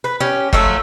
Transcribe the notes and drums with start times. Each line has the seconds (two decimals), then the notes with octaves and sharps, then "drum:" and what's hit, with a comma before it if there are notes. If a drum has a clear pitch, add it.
0.04 B4
0.20 C#4 G4
0.53 F3 F#3 A3 E5, drum: kick